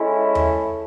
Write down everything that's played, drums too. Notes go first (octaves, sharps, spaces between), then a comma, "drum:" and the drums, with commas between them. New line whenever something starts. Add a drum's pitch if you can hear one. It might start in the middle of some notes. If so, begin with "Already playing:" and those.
Already playing: G#3 C#4 E4 A4
drum: tom D#2